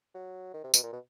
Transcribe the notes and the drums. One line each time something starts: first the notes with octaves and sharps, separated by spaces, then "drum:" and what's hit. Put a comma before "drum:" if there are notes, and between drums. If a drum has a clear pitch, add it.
F#3
D#3
C3
B2, drum: tambourine
A#2
B2